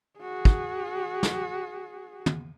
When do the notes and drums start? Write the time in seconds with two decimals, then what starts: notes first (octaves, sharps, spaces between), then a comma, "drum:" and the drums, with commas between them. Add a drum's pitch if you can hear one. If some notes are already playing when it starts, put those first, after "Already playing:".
0.19 F#4 G#4
0.45 drum: kick
1.23 drum: snare
2.26 drum: tom